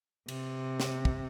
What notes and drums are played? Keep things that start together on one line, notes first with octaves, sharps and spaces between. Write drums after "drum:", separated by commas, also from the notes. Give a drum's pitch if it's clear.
C3, drum: cymbal
drum: snare
drum: kick